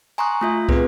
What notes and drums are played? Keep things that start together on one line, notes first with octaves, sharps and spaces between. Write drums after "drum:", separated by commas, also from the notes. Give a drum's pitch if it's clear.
G#5 A#5 C6 C#6 D#6 F#6
A3 F4 E5
B3 C4 G#4 B4, drum: kick